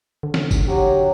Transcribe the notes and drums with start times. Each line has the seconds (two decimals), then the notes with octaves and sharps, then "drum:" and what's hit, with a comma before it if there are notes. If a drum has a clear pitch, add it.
0.23 D3
0.34 drum: snare
0.51 drum: kick F#1, tambourine
0.68 F#3 G4